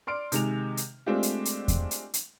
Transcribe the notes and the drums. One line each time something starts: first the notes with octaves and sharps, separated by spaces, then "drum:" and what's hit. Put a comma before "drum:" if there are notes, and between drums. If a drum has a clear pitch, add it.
D5 C6 F6 D7
C3 D#3 G#3 D#4 F7, drum: hi-hat
drum: hi-hat
G#3 A3 C4 D4 F4 G4
drum: hi-hat
drum: hi-hat
drum: kick E2, hi-hat
drum: hi-hat
drum: hi-hat